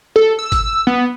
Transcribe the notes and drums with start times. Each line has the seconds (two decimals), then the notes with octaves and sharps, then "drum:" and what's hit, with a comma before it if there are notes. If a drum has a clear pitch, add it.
0.16 A4
0.39 E6
0.52 drum: kick G#1, hi-hat
0.87 B3